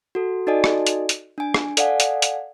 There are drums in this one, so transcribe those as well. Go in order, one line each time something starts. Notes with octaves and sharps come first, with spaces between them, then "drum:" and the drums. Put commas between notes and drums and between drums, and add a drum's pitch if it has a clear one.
F#4 A4
D#4 F#4 A4 D5 D#5 G#5
drum: rim click
drum: hi-hat
drum: hi-hat
D4 G#5
drum: rim click
A4 D5 F5 F#5 G#5, drum: hi-hat
drum: hi-hat
drum: hi-hat